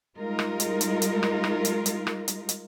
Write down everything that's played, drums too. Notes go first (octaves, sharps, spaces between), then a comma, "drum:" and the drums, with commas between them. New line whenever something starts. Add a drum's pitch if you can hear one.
G3 G#3 D#4 F4 A#4
drum: rim click
drum: hi-hat
drum: hi-hat
drum: hi-hat
drum: rim click
drum: rim click
drum: hi-hat
drum: hi-hat
drum: rim click
drum: hi-hat
drum: hi-hat